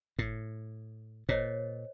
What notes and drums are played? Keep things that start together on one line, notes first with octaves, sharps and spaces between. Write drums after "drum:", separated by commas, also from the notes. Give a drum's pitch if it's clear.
A2, drum: kick
A#2 C5 C#5 D#5, drum: kick